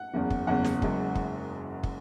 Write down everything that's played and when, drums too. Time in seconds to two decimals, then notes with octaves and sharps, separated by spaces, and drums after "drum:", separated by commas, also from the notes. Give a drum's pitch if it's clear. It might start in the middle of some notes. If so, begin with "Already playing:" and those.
Already playing: F#5
0.14 F#1 E2 C#3
0.30 drum: kick
0.47 F#1 E2 C#3 F#5
0.64 drum: snare
0.82 F#1 F#2 C#3 G#3, drum: kick
1.15 drum: kick
1.83 drum: kick